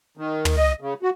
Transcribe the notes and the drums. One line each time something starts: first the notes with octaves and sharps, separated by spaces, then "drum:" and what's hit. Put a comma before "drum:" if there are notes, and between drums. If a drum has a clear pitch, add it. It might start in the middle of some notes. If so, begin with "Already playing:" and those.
D#3
drum: tom
D#5
C#3
F#4